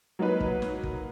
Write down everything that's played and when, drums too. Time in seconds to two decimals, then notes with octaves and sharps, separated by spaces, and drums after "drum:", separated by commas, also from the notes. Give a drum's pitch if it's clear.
0.19 F#3 A#3 D#4 B4
0.40 drum: kick
0.62 drum: snare
0.83 drum: kick